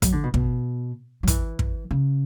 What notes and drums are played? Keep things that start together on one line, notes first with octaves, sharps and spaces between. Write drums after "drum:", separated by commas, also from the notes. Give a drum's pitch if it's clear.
F#3, drum: kick, hi-hat
D3
B2
B2, drum: kick
F#3
E3, drum: kick, hi-hat
drum: kick
C#3